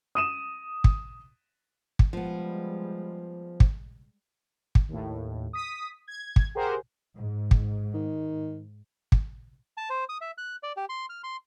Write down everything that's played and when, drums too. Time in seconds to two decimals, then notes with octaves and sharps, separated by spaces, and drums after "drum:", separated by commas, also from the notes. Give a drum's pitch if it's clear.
0.15 D#6 D#7 E7
0.84 drum: kick
1.99 drum: kick
2.13 F3 G3 G#3 B3
3.60 drum: kick
4.75 drum: kick
4.89 D#2 A2
5.53 D#6 B6
6.08 G#6
6.36 drum: kick
6.55 G4 G#4 A#4 C5 F#5
7.16 G#2
7.51 drum: kick
7.94 D#3
9.12 drum: kick
9.77 A5
9.90 C5
10.09 D#6
10.21 E5
10.38 F#6
10.63 D5
10.77 G4
10.89 C6
11.10 F6
11.24 C6